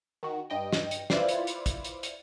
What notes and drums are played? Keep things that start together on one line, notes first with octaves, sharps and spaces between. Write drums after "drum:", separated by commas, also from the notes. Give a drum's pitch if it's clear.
D#3 F#4
G2 D#5 G5
drum: snare
drum: hi-hat
E4 F4 B4 C5 D5 F5, drum: snare
drum: hi-hat
drum: hi-hat
drum: kick, hi-hat
drum: hi-hat
drum: hi-hat